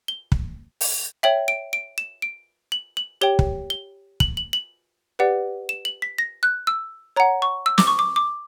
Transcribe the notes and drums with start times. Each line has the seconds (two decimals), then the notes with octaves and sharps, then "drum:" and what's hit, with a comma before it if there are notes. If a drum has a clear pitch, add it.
0.08 G7
0.32 drum: kick
0.81 drum: open hi-hat
1.23 C#5 E5 G5 F#7
1.48 D7
1.73 D7
1.98 E7
2.22 D7
2.72 F#7
2.97 F#7
3.21 G4 C#5 G5 G7
3.39 drum: kick
3.70 G7
4.20 F#7, drum: kick
4.37 F#7
4.53 F#7
5.19 G4 B4 D5 F#5
5.69 E7
5.85 F#7
6.02 B6
6.18 A#6
6.43 F#6
6.67 E6
7.16 C#5 F#5 A#5
7.42 C#6
7.66 E6
7.78 D6, drum: snare
7.87 C#6
7.99 D6
8.16 D6